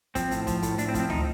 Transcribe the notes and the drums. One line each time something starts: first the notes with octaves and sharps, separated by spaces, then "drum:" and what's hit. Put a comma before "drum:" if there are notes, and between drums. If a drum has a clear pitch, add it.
F3 C4, drum: kick, hi-hat
A2, drum: hi-hat
F3, drum: kick, hi-hat
A2, drum: hi-hat
A2 D4, drum: hi-hat
C4
F3, drum: kick, hi-hat
C4
A2 D#4, drum: tom C#2